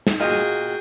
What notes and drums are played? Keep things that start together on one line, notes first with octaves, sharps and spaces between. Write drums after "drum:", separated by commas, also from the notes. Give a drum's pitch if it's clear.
drum: snare
A#2 A#3 F#4 G#4 D#5 G5